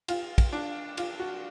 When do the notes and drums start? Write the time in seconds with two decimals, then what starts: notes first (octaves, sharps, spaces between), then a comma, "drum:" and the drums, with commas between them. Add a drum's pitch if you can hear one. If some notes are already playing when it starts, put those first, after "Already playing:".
0.08 F4, drum: cymbal
0.38 drum: kick, cymbal
0.53 D4
0.97 F4, drum: cymbal
1.20 F#4